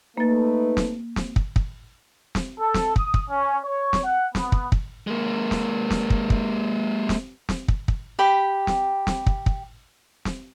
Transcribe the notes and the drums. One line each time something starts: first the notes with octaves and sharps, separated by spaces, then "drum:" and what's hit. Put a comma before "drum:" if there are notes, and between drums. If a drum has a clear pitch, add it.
A3 A#3 D#4 B4 A6
drum: snare
drum: snare
drum: kick
drum: kick
drum: snare
A4
drum: snare
D#6, drum: kick
drum: kick
C#4
C#5
drum: snare
F#5
B3, drum: snare
drum: kick
drum: kick
G#3 A#3
drum: snare
drum: snare
drum: kick
drum: kick
drum: snare
drum: snare
drum: kick
drum: kick
G4 G5 B5
drum: snare
drum: snare
drum: kick
drum: kick
drum: snare